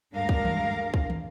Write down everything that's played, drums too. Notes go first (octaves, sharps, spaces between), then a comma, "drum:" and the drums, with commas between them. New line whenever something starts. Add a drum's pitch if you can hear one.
D2 G2 G#3 D4 A#4 F5
drum: kick
drum: tom D#3
drum: kick
drum: tom